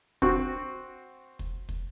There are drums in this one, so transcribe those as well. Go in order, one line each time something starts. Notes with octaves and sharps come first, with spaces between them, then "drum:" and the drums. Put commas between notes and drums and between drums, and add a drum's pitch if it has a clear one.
C4 F#4, drum: kick
drum: kick
drum: kick